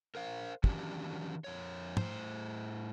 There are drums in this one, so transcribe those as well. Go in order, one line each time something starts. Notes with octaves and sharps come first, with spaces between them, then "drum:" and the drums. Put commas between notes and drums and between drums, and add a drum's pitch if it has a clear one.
A#4 C5 F5
D#3 E3 F#3 C#4 D4 G4, drum: kick
F2 C#5
A2 C5, drum: tom